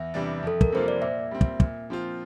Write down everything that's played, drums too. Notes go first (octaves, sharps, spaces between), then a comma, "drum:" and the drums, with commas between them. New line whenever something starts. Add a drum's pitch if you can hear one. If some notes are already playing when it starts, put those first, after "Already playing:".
Already playing: E2 E5
C3 E3 G3 D4
F2 A4
A#4, drum: kick
C3 G3 A#3 F4 C5
D5
A#2 E5
G3 C4
drum: kick
A#2, drum: kick
F3 C4 F4